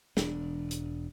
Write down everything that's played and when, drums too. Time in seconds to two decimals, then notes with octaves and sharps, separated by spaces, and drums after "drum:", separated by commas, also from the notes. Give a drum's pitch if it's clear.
0.17 E1 D4, drum: snare
0.71 drum: hi-hat